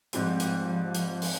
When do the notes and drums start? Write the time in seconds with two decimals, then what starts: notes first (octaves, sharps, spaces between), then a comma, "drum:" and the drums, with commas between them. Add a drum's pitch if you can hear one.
0.13 G#2 F3 G3 C4, drum: hi-hat
0.40 drum: hi-hat
0.95 drum: hi-hat
1.22 drum: open hi-hat